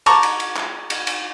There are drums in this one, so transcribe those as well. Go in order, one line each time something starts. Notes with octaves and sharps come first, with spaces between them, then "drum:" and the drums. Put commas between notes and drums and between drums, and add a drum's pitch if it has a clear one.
A5 A#5 C#6 D6, drum: cymbal
drum: cymbal
drum: cymbal
drum: clap
drum: cymbal
drum: cymbal